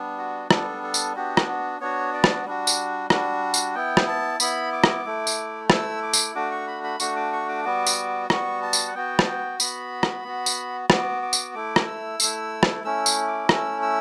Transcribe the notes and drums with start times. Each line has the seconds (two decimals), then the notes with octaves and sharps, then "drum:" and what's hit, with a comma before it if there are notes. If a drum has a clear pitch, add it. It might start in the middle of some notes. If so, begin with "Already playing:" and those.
Already playing: G3 B3 D4
0.18 F#4
0.51 G3 B3 D4 A4, drum: rim click
0.83 A4
0.94 drum: tambourine
1.15 B3 D4 F#4 G4
1.37 drum: rim click
1.48 F#4
1.80 B3 D4 F#4 C#5
2.14 D5
2.24 drum: rim click
2.45 G3 D4 F#4
2.67 drum: tambourine
3.10 G3 D4 F#4, drum: rim click
3.54 drum: tambourine
3.75 B3 E4 G5
3.97 drum: rim click
4.08 A5
4.40 B3 E4 B5, drum: tambourine
4.73 D6
4.84 drum: rim click
5.05 A3 E4
5.27 drum: tambourine
5.70 A3 E4 E6, drum: rim click
6.03 D6
6.13 drum: tambourine
6.35 A3 D4 F#4 D6
6.51 C#6
6.67 B5
6.84 B5
7.00 A3 D4 F#4 C#6, drum: tambourine
7.16 D6
7.33 C#6
7.49 D6
7.65 G3 B3 F#4
7.87 drum: tambourine
8.30 G3 B3 F#4 C#6, drum: rim click
8.62 A5
8.73 drum: tambourine
8.88 F#5
8.95 B3 F#4 G5
9.19 A5, drum: rim click
9.27 G5
9.60 B3 F#4 B5, drum: tambourine
10.03 drum: rim click
10.24 B3 F#4
10.46 drum: tambourine
10.90 B3 F#4 D6, drum: rim click
11.22 D6
11.33 drum: tambourine
11.54 A3 E4 D6
11.76 drum: rim click
11.87 E6
12.20 A3 E4, drum: tambourine
12.63 drum: rim click
12.84 A3 C#4 E4 E6
13.06 drum: tambourine
13.28 D6
13.49 A3 C#4 E4 E6, drum: rim click
13.82 E6